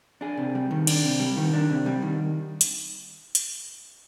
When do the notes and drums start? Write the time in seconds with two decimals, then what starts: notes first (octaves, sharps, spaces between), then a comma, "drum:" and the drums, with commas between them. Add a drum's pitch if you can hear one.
0.21 D4 G#4
0.37 C3
0.55 G3
0.71 D#3
0.87 D4, drum: cymbal
1.03 C3
1.20 G3
1.37 D#3
1.53 D4
1.70 C3
1.86 G3
2.02 D#3
2.61 drum: hi-hat
3.35 drum: hi-hat